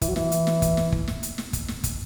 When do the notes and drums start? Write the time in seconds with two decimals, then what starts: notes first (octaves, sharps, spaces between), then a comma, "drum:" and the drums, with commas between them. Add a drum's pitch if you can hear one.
0.01 E3, drum: kick, hi-hat
0.08 F#3
0.16 E3, drum: snare
0.32 drum: hi-hat
0.47 drum: snare
0.62 drum: kick, hi-hat
0.77 drum: snare
0.92 drum: kick
1.08 drum: snare
1.23 drum: hi-hat
1.38 drum: snare
1.53 drum: kick, hi-hat
1.68 drum: snare
1.84 drum: kick, hi-hat